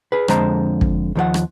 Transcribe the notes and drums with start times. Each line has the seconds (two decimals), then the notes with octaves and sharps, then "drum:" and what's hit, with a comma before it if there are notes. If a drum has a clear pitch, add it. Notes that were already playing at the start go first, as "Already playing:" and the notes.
0.12 G#4 B4
0.28 F2 D3 G#3 C5 A5 A#5, drum: rim click
0.81 drum: kick
1.15 D#2 F3 C#5 F#5
1.34 drum: rim click